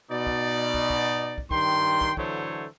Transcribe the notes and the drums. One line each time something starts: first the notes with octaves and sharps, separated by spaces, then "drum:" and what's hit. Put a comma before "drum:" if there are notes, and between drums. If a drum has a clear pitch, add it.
B2 D#4 D5
drum: kick
drum: kick
drum: kick
drum: kick
G2 D#3 G5 C6, drum: kick
drum: kick
D3 E3 F#3 A3 C5 C#5, drum: kick